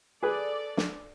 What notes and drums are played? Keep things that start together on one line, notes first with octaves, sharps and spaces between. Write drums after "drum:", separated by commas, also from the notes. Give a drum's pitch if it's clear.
G#4 A4 B4 D5
drum: snare